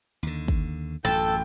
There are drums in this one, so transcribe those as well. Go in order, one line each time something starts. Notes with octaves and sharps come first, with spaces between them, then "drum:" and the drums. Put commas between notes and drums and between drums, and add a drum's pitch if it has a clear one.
D#2 D3
drum: kick
A1 F#2 A4 G5